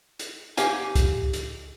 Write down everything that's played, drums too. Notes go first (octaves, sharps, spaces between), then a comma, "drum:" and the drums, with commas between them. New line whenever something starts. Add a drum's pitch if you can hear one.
drum: hi-hat
G4 F5 G#5, drum: hi-hat
drum: kick, hi-hat
drum: hi-hat